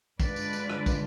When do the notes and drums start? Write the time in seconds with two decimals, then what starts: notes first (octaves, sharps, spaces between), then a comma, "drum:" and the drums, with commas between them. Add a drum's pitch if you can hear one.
0.20 D3 G#3 D4 F4 B4 D5, drum: kick, tambourine
0.36 drum: tambourine
0.53 drum: tambourine
0.70 drum: rim click
0.86 drum: kick, tambourine